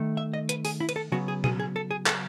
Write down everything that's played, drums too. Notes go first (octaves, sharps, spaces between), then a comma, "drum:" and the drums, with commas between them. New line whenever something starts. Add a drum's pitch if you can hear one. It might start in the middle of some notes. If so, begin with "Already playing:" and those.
Already playing: D#3 A3
E5
D#5
B4, drum: hi-hat
G#4, drum: open hi-hat
E4
B4, drum: cymbal
A4
C#3 F#3 B3 F#4
G#4
G#4, drum: tom B2
G#4
A4
G#4
A4, drum: clap